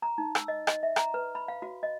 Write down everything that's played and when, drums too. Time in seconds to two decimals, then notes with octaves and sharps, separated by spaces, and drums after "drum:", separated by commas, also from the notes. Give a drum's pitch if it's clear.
0.02 A#5
0.18 D#4
0.35 E6, drum: rim click
0.48 D#5
0.67 D#5, drum: rim click
0.83 E5
0.96 A#5, drum: rim click
1.14 B4
1.35 B5
1.48 F5
1.62 F#4
1.83 D#5